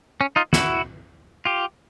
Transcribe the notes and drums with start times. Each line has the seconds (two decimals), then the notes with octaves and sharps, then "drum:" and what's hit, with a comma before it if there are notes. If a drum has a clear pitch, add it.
0.21 C#4
0.36 D#4 F4
0.53 E4 F#4, drum: snare
1.45 F4 G4